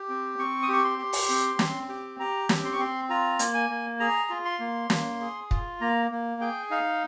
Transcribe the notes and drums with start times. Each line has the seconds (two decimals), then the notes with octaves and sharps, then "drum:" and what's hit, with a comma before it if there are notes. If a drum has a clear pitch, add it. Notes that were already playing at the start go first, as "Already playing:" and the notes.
Already playing: G4
0.09 C4
0.38 C4 C#6
0.63 D#6
0.68 G4 C#6
0.85 C6
0.98 G4
1.13 drum: open hi-hat
1.29 C4
1.59 C4, drum: snare
1.89 G4
2.20 G4 A#5
2.49 C4, drum: snare
2.65 C6
2.73 C#6
2.79 C4 C6
3.09 F4 A#5
3.39 A#3, drum: hi-hat
3.54 G#5
3.69 A#3
4.00 G#4 A#5
4.30 F4
4.45 C6
4.60 A#3
4.90 A#3, drum: snare
5.21 G#4
5.51 F4, drum: kick
5.81 A#3 A#5
6.11 A#3
6.41 G#4 G5
6.70 D#4 F5